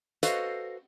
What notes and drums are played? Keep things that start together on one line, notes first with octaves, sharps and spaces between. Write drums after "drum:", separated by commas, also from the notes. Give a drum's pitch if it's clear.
F#4 A4 B4 C5 D#5 F5, drum: hi-hat